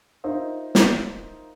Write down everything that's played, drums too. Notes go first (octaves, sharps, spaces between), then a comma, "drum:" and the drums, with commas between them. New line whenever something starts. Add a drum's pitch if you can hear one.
D#4 F4 A#4 C5 D#5 E5
drum: snare